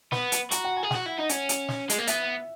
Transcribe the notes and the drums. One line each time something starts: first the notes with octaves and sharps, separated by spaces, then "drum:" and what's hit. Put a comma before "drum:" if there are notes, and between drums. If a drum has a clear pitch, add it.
B3 B5, drum: snare
drum: hi-hat
F#4 A#5, drum: hi-hat
F#5
G#5
G#4
F#4 F#5, drum: snare
E4
D#4
C#4, drum: hi-hat
drum: hi-hat
drum: snare
G#3, drum: hi-hat
A#3
B3 E5, drum: hi-hat